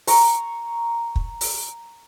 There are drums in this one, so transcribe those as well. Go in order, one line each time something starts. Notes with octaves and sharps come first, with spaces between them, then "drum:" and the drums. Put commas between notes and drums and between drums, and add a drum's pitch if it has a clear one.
A#5 C#6, drum: open hi-hat
drum: kick
drum: open hi-hat